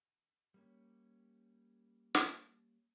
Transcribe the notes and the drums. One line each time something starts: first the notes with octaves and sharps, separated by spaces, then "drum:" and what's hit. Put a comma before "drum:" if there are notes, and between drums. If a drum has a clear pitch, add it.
G3 A#3 C#4
drum: snare